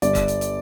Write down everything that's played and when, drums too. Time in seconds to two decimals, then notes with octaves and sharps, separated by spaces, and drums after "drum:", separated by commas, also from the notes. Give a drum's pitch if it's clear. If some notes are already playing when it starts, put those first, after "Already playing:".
0.02 G1 D5, drum: hi-hat
0.15 drum: kick, hi-hat
0.28 drum: hi-hat
0.41 drum: hi-hat